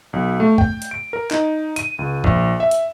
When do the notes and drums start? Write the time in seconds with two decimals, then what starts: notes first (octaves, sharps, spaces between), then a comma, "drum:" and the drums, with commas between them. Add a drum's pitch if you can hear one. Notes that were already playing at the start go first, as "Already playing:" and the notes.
0.13 B1
0.40 A3
0.58 G5, drum: kick
0.82 drum: hi-hat
0.91 D7
1.13 A#4
1.31 D#4, drum: clap
1.76 D#7, drum: hi-hat
1.99 C#2
2.24 A#1, drum: kick
2.60 E5
2.71 drum: hi-hat